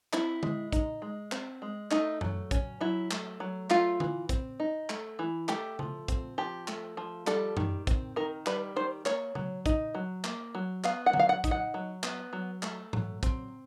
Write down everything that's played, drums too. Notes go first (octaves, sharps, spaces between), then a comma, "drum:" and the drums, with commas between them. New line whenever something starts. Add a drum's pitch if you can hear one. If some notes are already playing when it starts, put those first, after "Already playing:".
C4 E4, drum: clap
G#3, drum: tom D3
D#4, drum: kick, hi-hat
G#3
C4, drum: clap
G#3
A3 D#4, drum: clap
F#3, drum: tom F#2
C#4, drum: kick, hi-hat
F#3 E4
A3, drum: clap
F#3
A3 F4, drum: clap
E3, drum: tom D3
C4, drum: kick, hi-hat
D#4
A3, drum: clap
E3
A3 G4, drum: clap
F3, drum: tom C#3
C4, drum: kick, hi-hat
F3 G4
A3, drum: clap
F3
G3 A4, drum: clap
D#3, drum: tom F#2
C4, drum: kick, hi-hat
D#3 A#4
G3 B4, drum: clap
D#3 C5
A#3 C#5, drum: clap
F#3, drum: tom C#3
D#4, drum: kick, hi-hat
F#3
A#3, drum: clap
F#3
B3 F5, drum: clap
F#5
F#3, drum: tom D3
F5
F#5
D#4, drum: kick, hi-hat
F#5
F#3
B3, drum: clap
F#3
A3, drum: clap
F#3, drum: tom G#2
C4, drum: kick, hi-hat